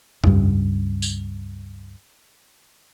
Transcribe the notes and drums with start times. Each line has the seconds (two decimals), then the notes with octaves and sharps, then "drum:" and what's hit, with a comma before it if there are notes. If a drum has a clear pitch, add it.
0.24 C#2 G2, drum: tom F2
1.02 drum: tambourine